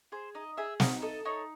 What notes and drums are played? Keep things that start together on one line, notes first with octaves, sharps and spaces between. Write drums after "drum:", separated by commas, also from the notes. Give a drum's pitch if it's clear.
G#4 C5
D#4 D#5
G#4 E5
D#4 F#5, drum: snare
A4 D#5
D#4 C#5